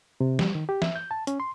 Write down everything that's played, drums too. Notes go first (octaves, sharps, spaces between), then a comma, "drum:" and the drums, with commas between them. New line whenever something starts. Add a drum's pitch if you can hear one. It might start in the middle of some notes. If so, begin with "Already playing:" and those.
C3
G3, drum: snare
D#3
G4
E5, drum: snare
G6
A5
C#4, drum: hi-hat
C6